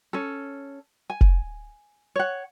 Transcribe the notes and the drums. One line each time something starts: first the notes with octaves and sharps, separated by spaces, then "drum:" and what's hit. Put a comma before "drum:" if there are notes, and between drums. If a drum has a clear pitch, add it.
C#4 A4
G#5
drum: kick F1
C#5 F#5